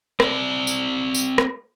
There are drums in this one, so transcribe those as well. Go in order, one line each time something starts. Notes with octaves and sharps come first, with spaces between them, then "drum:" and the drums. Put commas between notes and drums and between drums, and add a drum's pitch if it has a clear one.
C4 D5, drum: rim click
drum: tambourine
drum: tambourine
drum: rim click